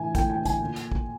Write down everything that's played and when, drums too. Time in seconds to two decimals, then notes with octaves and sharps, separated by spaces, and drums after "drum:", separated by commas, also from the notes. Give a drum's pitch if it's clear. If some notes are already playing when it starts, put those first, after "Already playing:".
Already playing: A2 E3 G#5
0.15 A2 G5, drum: kick, hi-hat
0.30 G5
0.38 E3
0.45 G#5, drum: kick, hi-hat
0.60 A#2
0.76 drum: hi-hat
0.92 drum: kick